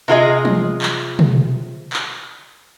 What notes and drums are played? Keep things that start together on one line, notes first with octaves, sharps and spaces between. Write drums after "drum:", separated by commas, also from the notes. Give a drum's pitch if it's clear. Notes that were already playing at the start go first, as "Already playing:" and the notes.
C3 F4 G#4 D#5
drum: tom
drum: clap
drum: tom
drum: clap